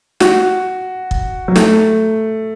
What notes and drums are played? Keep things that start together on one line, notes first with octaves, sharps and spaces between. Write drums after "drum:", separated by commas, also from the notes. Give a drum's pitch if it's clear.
F#4, drum: snare
drum: kick
F#3
A3, drum: snare